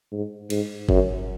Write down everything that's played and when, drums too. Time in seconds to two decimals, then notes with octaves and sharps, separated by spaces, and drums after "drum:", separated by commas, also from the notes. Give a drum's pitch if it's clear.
0.12 G#2
0.50 G#2, drum: cymbal
0.89 F#2, drum: kick G1